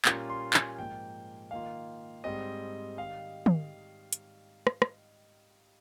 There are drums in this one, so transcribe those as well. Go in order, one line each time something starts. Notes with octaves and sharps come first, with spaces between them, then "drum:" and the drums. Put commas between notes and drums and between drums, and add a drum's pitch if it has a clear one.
A#2 G3 A#3 C#4 F4, drum: clap
C6
G#5, drum: clap
G#2 F3 A#3 G5
D#3 A#3 F4 F5
G#2 G3 C4 D#5
D#3 G3 F5
drum: tom
drum: hi-hat
drum: rim click
drum: rim click